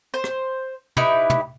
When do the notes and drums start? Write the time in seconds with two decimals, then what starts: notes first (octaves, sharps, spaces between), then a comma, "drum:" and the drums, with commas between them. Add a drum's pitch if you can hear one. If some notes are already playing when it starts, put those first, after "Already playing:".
0.14 C5
0.24 drum: rim click
0.97 D#4 E4 G4 B4, drum: tom
1.30 drum: tom